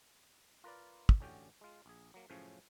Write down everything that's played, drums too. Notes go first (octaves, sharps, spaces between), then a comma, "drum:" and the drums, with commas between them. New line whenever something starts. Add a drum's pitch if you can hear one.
F4 A#4 B4 D5
drum: kick
A1 D3 C#4 F#4 G4 G5
G#3 F4
A#1 G#4
F#3 A#3
F#2 A2 C#3 F3 C#4